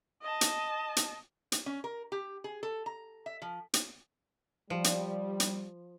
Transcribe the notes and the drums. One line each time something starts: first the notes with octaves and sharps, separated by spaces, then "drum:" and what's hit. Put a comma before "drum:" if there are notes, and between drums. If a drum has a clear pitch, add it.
D#5 A5
drum: hi-hat
drum: hi-hat
drum: hi-hat
C#4
A#4
G4
G#4
A4
A#5
E5
F3
drum: hi-hat
F3 G3
drum: hi-hat
drum: hi-hat